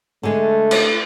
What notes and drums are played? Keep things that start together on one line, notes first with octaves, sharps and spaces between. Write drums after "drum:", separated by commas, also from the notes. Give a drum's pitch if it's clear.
D3 G#3 A3
drum: cymbal